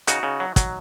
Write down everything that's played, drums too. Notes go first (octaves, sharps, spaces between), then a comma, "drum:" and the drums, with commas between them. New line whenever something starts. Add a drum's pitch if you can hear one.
C#3 D#4 F#4, drum: hi-hat
C#3
F#3
F#3, drum: kick, hi-hat